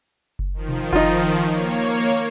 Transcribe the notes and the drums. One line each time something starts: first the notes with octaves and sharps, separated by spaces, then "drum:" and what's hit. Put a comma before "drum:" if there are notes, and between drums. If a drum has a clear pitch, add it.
drum: kick F#1
D#3 F3
drum: tom B2
D#4 F4, drum: kick F#1
A#3 C#5